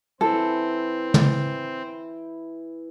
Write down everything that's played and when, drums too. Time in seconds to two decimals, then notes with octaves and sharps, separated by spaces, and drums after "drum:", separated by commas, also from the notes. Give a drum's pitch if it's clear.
0.21 E3 C4 E4 A4
1.14 drum: tom